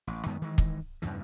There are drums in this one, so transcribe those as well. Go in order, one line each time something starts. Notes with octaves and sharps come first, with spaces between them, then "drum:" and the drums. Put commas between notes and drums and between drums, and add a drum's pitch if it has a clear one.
A1
F#2 D#3 G#3 B3
D#3 E3 G#3
drum: kick
E2 G2 C#3 E3